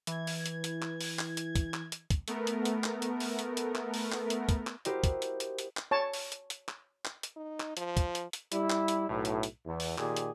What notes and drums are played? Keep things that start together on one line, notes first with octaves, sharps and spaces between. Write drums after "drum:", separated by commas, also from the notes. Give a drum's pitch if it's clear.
E3 G#6, drum: hi-hat
drum: open hi-hat
drum: hi-hat
drum: hi-hat
drum: clap
drum: open hi-hat
drum: clap
drum: hi-hat
drum: kick, hi-hat
drum: clap
drum: hi-hat
drum: kick, hi-hat
A3 B3 A#4, drum: hi-hat
drum: hi-hat
drum: hi-hat
drum: clap
drum: hi-hat
drum: open hi-hat
drum: hi-hat
drum: hi-hat
drum: clap
drum: open hi-hat
drum: clap
drum: hi-hat
drum: kick, hi-hat
drum: clap
E4 F#4 G4 A#4 C5 D#5, drum: hi-hat
drum: kick, hi-hat
drum: hi-hat
drum: hi-hat
drum: hi-hat
drum: clap
C#5 A5
drum: open hi-hat
drum: hi-hat
drum: hi-hat
drum: clap
drum: clap
drum: hi-hat
D#4
drum: clap
F3, drum: hi-hat
drum: kick, hi-hat
drum: hi-hat
drum: hi-hat
G3 E4, drum: hi-hat
drum: clap
drum: hi-hat
B1 A2
drum: hi-hat
drum: hi-hat
E2
drum: open hi-hat
A#2 D#3 G4 G#4, drum: clap
drum: hi-hat